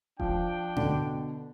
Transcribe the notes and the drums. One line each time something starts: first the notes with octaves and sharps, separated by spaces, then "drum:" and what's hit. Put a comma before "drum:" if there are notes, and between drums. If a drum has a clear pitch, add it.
F3 D4 G5, drum: kick E1
B2 D3, drum: tom G#2